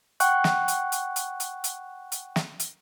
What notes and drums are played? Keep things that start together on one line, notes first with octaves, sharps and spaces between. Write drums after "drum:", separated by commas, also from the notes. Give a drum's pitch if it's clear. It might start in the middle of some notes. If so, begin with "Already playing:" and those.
F#5 G5 C#6 F#6, drum: hi-hat
drum: snare
drum: hi-hat
drum: hi-hat
drum: hi-hat
drum: hi-hat
drum: hi-hat
drum: hi-hat
drum: snare
drum: hi-hat